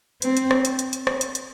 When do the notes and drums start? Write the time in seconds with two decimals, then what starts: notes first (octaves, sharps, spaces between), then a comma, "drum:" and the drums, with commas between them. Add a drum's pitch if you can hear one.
0.22 C4, drum: hi-hat
0.37 drum: hi-hat
0.51 drum: rim click
0.65 drum: hi-hat
0.79 drum: hi-hat
0.93 drum: hi-hat
1.07 drum: rim click
1.21 drum: hi-hat
1.35 drum: hi-hat